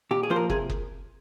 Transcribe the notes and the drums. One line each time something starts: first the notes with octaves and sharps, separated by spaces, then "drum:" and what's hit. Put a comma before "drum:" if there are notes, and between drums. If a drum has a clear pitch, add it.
A#2 G4
G#4
F3 A#3 F4 C5
A#4
C3 G#4, drum: kick
drum: kick